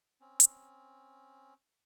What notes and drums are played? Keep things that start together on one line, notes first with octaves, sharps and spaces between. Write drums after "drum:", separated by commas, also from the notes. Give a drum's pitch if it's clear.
C4 C#4
drum: hi-hat